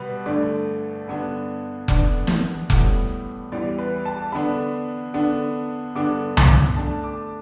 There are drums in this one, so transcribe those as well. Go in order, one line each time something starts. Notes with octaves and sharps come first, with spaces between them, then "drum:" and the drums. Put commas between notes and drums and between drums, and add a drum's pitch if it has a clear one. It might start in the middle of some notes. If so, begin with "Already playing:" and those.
Already playing: B2 G3 B3 B4
G2 D3 A3 D5
G2 D3 B3 D4
E2 D3 B3 D4 D5, drum: kick F1
drum: snare
A2 G3 B3, drum: kick F1
E2 E3 G3 D5
B4
A5
D3 B3 D4 B5
D3 B3 D4
G2 D3 B3 D4 D6
D6, drum: tom C2
D3 A3 D4 A5
D6